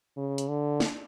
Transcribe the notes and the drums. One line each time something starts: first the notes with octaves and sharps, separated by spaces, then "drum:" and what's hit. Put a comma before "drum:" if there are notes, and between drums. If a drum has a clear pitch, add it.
C#3
drum: hi-hat
D3
drum: snare